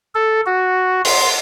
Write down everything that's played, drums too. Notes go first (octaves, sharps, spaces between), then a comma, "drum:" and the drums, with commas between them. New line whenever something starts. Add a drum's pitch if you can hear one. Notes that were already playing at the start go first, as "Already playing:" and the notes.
A4
F#4
C6, drum: open hi-hat